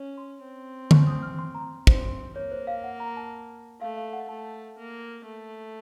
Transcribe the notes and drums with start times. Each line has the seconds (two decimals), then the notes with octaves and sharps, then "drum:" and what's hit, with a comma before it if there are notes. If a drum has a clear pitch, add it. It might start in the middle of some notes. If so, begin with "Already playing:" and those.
Already playing: C#4 C#5
0.18 C6
0.43 C4
0.91 C#6, drum: tom D3
1.07 D#6
1.22 F6
1.39 C6
1.55 A#5
1.87 C4 C5, drum: kick
2.36 A#3 C#5
2.52 C5
2.67 F5
2.84 F#5
3.00 A#5
3.17 A5
3.80 A3 F5
3.97 F5
4.13 F#5
4.29 A3 A5
4.78 A#3
5.26 A3